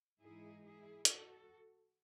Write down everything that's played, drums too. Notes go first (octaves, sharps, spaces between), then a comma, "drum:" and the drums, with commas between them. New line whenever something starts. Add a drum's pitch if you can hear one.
G#2 E3 G#3 D#4 E4 G#4
E4 G#4
F#4 A4, drum: hi-hat